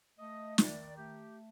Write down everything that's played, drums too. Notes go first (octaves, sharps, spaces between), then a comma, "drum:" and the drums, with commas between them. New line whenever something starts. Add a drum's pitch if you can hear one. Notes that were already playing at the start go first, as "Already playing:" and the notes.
A3 D#5
D#3 D5, drum: snare
A3 G4